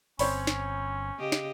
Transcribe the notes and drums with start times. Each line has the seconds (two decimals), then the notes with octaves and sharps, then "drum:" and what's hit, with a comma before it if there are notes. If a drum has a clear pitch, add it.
0.19 G1 C4 C#4 C#5 B5, drum: open hi-hat
0.47 drum: snare
1.18 C#3 G4 D#5
1.32 drum: snare